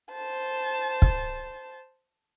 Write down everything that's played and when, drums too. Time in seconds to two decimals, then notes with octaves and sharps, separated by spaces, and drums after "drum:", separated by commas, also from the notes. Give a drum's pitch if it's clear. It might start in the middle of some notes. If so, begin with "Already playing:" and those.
0.12 C5 A5
1.02 drum: kick